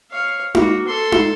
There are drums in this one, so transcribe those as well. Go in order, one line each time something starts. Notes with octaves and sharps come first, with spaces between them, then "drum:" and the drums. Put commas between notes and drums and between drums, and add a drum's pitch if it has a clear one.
C#5 F5
A#3 F#4, drum: tom D#4
A4 C6
drum: tom D#4